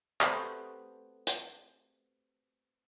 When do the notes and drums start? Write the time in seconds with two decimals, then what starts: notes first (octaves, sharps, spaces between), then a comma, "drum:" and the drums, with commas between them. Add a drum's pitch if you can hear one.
0.21 A3 B3 C4 F#4 G4, drum: clap
1.27 drum: hi-hat